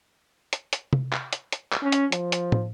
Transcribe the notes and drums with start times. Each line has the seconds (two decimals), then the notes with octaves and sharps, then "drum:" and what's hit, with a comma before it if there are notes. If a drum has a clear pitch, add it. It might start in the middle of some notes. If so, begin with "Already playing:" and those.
0.53 drum: hi-hat
0.73 drum: hi-hat
0.93 drum: tom
1.13 drum: clap
1.33 drum: hi-hat
1.52 drum: hi-hat
1.72 drum: clap
1.82 C#4
1.92 drum: hi-hat
2.12 F3, drum: hi-hat
2.32 drum: hi-hat
2.52 drum: tom